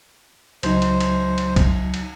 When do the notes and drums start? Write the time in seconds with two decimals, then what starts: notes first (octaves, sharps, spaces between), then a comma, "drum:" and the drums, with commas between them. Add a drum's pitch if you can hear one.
0.63 C#2 F#3 D#4 C5, drum: cymbal
0.82 drum: cymbal
1.01 drum: cymbal
1.38 drum: cymbal
1.56 drum: kick B1, cymbal
1.94 drum: cymbal